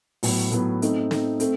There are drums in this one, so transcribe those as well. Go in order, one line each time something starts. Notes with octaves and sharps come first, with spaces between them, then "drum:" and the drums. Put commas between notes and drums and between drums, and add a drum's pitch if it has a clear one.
A2 F#3 B3, drum: open hi-hat
A2 F#3 B3, drum: hi-hat
A3 C4 D#4, drum: hi-hat
A3 C4 D#4, drum: snare
A3 C4, drum: hi-hat